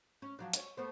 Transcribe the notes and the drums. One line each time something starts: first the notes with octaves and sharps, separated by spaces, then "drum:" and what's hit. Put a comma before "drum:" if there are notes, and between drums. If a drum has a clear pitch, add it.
C#4
F3 F#3 D4
C#5 D5, drum: hi-hat
A3 B3 C5